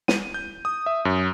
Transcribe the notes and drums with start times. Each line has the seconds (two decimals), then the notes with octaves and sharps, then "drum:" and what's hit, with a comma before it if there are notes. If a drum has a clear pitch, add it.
0.08 D#7, drum: snare
0.34 G6
0.65 D#6
0.86 E5
1.05 F#2